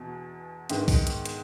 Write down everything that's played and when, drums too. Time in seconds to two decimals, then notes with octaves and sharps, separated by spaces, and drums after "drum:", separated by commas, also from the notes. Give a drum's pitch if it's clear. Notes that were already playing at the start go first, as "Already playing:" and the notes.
Already playing: E2 B2
0.70 G#2 D#3 G#3 B3, drum: hi-hat
0.88 drum: kick, open hi-hat
1.07 drum: hi-hat
1.25 drum: hi-hat